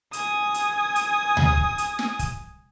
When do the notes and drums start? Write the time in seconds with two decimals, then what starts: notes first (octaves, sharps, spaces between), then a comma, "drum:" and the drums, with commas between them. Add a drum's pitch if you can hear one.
0.13 G#5 D#6, drum: hi-hat
0.54 drum: hi-hat
0.96 drum: hi-hat
1.37 drum: tom D2
1.57 drum: kick
1.78 drum: hi-hat
1.99 drum: snare
2.19 drum: kick, hi-hat